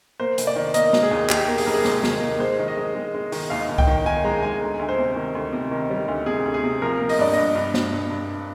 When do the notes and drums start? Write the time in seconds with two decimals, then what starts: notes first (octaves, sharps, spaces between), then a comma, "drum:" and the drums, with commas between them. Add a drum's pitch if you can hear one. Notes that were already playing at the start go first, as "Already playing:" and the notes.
0.19 A#3 C5
0.38 F1, drum: hi-hat
0.47 D5
0.56 D#3
0.74 A#3 D#5, drum: hi-hat
0.93 A#3, drum: snare
1.03 G#4
1.11 D#2
1.30 D#2 G4, drum: clap
1.48 A#3
1.58 G#4, drum: open hi-hat
1.66 F1 A#4
1.74 G#4
1.85 D#2, drum: snare
2.04 D#3, drum: snare
2.22 A#3
2.40 G#3 C5
2.59 D#3
2.68 D#5
2.77 G#3
2.95 G#3
3.14 G#3
3.32 D#3, drum: open hi-hat
3.50 D#2 F5
3.69 D#2
3.78 G5, drum: kick C2
3.87 D#3
4.05 D#3 G#5
4.24 G#3 A#5
4.42 G#3 G#5
4.61 D2
4.79 D2
4.89 C5
4.98 C3
5.16 D#3
5.35 D2
5.53 C3
5.71 D#3
5.90 G3
6.08 D2
6.26 C3 G#4
6.45 D2
6.54 G#4
6.63 C3
6.82 F3 A#4
7.00 A#3
7.09 D#5, drum: open hi-hat
7.19 G2 D5
7.34 G2 D#5
7.55 G2
7.74 G2, drum: snare
7.92 G2
8.10 G2